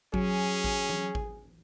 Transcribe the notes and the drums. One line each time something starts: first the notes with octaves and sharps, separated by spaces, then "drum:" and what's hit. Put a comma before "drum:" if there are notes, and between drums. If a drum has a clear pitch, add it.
F#3 C#4 G#4, drum: kick G#1
drum: kick G#1
drum: tom E3
drum: kick G#1